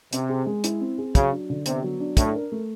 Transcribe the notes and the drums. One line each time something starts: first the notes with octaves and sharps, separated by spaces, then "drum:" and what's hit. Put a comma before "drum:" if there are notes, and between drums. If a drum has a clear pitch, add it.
C3 C4, drum: hi-hat
G#4
G#3
E4, drum: hi-hat
C4
G#4
C#3 F#3, drum: kick, hi-hat
D4
D3
C3 B3, drum: hi-hat
F#3
D4
A2 D4, drum: kick, hi-hat
A#4
A3